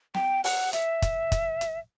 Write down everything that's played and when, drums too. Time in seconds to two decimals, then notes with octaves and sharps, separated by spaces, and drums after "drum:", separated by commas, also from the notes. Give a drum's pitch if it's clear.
0.15 G5, drum: snare
0.44 F#5, drum: open hi-hat
0.73 E5, drum: hi-hat
1.02 drum: kick, hi-hat
1.32 drum: kick, hi-hat
1.61 drum: hi-hat